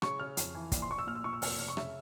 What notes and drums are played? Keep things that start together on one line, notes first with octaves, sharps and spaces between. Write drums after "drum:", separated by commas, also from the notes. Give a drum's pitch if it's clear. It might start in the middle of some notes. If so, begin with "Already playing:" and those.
C#3 C#6, drum: rim click
C#3 F6
F2, drum: hi-hat
E3
A#1, drum: kick, hi-hat
C6
A#1 C#6
E6
A#2 F6
E6
A#2 C#6
E6
F1 F6, drum: open hi-hat
E6
F1 F6
C#6
C#3 E5, drum: rim click